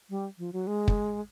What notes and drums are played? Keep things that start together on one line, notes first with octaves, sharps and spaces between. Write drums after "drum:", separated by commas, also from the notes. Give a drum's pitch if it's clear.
G3
F3
F#3
G#3
drum: kick